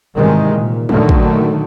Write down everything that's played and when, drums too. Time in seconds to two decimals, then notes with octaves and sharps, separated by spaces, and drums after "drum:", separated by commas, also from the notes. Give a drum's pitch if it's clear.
0.17 G#2 C3 D#3 E3 G3 G#3
0.51 A#2
0.89 A#2 D3 D#3 F#3 A3, drum: tom G3
1.09 drum: kick